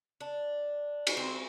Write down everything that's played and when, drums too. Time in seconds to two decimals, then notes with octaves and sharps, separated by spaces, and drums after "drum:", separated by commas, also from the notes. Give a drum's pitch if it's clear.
0.21 D4
1.07 drum: cymbal
1.17 C4